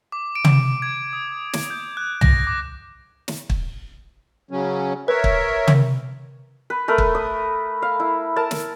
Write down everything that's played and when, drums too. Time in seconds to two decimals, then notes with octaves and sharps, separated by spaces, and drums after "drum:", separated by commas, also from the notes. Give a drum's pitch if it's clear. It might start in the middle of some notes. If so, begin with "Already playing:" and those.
0.12 D6
0.35 D7
0.44 drum: tom
0.82 G#6
1.13 D#6
1.53 drum: snare
1.70 G6
1.97 F#6
2.21 A#6, drum: tom
2.47 D6
3.28 drum: snare
3.50 drum: kick
4.51 C#3 F#3 C#4
5.08 A#4 B4 C#5 E5
5.24 drum: kick
5.67 drum: tom
6.70 B4
6.88 A3 A#4 B4
6.98 drum: kick
7.15 D#6
7.82 F5
8.00 E4
8.36 A#4 A5
8.51 drum: snare